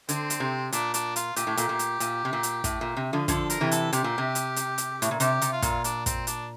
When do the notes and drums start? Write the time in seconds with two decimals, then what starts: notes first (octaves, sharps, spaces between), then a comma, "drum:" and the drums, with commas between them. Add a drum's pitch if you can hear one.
0.09 D3 C4, drum: hi-hat
0.30 drum: hi-hat
0.40 C3
0.72 A#2 D4, drum: hi-hat
0.94 D4, drum: hi-hat
1.16 F4, drum: hi-hat
1.36 A#2 G4, drum: hi-hat
1.47 A2
1.57 A#2, drum: hi-hat
1.69 A#2
1.79 drum: hi-hat
2.00 A#2, drum: hi-hat
2.25 C3
2.33 A#2
2.43 drum: hi-hat
2.64 A2, drum: kick, hi-hat
2.81 A#2
2.97 C3
3.13 D3 F3
3.28 D3 F3 A4, drum: kick, hi-hat
3.50 A#4, drum: hi-hat
3.61 C3 E3
3.71 A4, drum: hi-hat
3.93 C3 G4, drum: hi-hat
4.04 A#2
4.18 C3
4.35 drum: hi-hat
4.56 drum: hi-hat
4.78 drum: hi-hat
5.02 A2, drum: hi-hat
5.11 A#2
5.20 C3 G4, drum: hi-hat
5.42 C3, drum: hi-hat
5.52 F4
5.62 A#2, drum: kick, hi-hat
5.84 D4, drum: hi-hat
6.06 C4, drum: kick, hi-hat
6.27 D4, drum: hi-hat